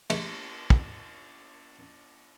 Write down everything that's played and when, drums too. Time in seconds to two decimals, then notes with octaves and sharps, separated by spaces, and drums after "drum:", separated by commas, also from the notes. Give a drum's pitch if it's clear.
0.10 F#2 G#3 A3, drum: cymbal
0.70 drum: kick